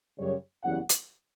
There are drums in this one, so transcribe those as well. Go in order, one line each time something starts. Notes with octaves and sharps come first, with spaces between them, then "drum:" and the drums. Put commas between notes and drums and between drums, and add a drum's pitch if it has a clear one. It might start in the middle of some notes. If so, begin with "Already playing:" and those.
F#2 C#3 G3 C#5
F#1 E2 C#3 E3 G3 F#5
drum: hi-hat